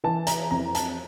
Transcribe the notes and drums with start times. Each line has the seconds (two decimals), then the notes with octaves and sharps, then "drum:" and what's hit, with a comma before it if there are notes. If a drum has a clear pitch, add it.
0.04 E3 A5
0.27 A#5, drum: hi-hat
0.51 F2 A#5
0.75 A5, drum: hi-hat